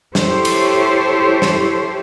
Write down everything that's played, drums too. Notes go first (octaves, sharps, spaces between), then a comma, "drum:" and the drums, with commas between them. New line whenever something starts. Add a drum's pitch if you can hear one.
E4 G4 A4 C5 C#5, drum: snare
drum: cymbal
drum: snare